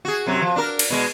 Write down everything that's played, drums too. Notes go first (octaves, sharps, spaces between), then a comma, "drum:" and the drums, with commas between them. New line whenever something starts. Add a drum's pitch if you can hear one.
F#4 G#4
F#2 C3 F#3
F3
D4 A#4
drum: cymbal
B2 G#3